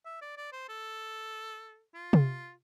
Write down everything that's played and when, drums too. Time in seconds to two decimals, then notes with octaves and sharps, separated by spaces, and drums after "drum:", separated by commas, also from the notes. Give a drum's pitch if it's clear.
0.05 E5
0.21 D5
0.37 D5
0.53 C5
0.69 A4
1.94 F4
2.13 drum: tom C3